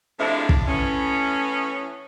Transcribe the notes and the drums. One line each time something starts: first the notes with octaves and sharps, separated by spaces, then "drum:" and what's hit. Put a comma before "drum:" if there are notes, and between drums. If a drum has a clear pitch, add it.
A2 C3 F3 G#3 D4 E4
drum: kick
A2 E3 B3 C#4